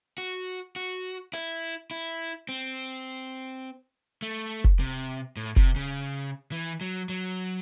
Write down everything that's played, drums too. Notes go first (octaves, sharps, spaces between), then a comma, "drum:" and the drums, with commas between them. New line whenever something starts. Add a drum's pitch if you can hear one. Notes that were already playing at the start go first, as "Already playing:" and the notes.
F#4
F#4
E4, drum: hi-hat
E4
C4
A3
drum: kick F1
C3
A2
C3, drum: kick F1
C#3
E3
F#3
F#3